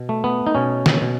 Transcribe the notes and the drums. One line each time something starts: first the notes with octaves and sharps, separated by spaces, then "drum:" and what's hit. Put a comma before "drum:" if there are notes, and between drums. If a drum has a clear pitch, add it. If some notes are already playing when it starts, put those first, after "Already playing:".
Already playing: B2
A3
B3
D#4
B2 C#4
drum: snare
B2